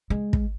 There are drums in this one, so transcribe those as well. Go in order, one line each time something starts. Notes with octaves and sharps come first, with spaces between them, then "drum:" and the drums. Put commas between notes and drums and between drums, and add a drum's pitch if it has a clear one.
G#3
drum: kick